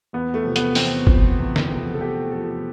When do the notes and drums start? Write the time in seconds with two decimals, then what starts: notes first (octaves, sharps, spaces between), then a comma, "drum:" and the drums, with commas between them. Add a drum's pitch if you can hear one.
0.13 E2 B3
0.34 A3
0.45 C3 F3
0.56 B3, drum: hi-hat
0.75 E2 C4, drum: open hi-hat
1.07 C3 F3, drum: kick
1.39 E2
1.56 drum: snare
1.70 C3 F3
1.94 A4
2.00 E2 G4
2.31 C3 F3 A4